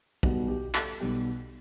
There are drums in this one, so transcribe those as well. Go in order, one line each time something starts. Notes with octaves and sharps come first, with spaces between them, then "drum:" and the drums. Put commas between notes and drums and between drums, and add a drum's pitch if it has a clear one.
B1 B2 G3 B3 F#4, drum: kick
G4
A4, drum: clap
B1 B2 G3 B3 G4